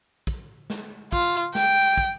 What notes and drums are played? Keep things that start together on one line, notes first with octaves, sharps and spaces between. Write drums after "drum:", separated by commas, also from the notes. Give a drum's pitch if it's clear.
drum: kick, hi-hat
drum: snare
F4, drum: kick, hi-hat
G5, drum: snare
drum: kick, hi-hat